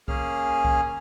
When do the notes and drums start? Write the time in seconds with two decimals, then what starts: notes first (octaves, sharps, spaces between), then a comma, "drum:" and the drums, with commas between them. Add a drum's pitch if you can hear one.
0.08 A#3 C#4 G#4 F6, drum: kick C2
0.65 drum: kick C2